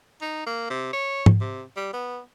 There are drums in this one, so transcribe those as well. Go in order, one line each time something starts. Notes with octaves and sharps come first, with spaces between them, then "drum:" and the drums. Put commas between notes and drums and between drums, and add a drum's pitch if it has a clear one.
D#4
A#3
C3
C#5
drum: tom G#2
C3
G3
B3